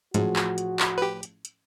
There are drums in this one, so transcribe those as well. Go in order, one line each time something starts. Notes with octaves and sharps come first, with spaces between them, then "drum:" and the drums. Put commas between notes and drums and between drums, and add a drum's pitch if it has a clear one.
A1 G#2 F3 F#4 G#4, drum: hi-hat
drum: clap
drum: hi-hat
drum: clap
G4 B4
drum: hi-hat
drum: hi-hat